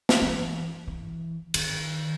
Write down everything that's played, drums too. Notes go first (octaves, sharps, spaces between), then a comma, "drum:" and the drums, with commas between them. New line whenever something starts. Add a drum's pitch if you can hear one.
drum: snare
E3
E3
D#3, drum: cymbal